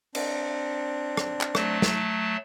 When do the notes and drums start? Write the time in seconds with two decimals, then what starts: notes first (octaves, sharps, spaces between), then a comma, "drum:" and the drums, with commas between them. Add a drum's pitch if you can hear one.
0.15 C4 D4, drum: cymbal
1.17 drum: rim click
1.41 drum: clap
1.55 F#3 A3 A5, drum: rim click
1.82 drum: snare